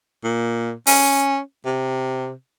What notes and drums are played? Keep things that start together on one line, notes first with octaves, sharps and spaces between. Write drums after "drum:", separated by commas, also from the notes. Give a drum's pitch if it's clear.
A#2
C#4, drum: open hi-hat
C3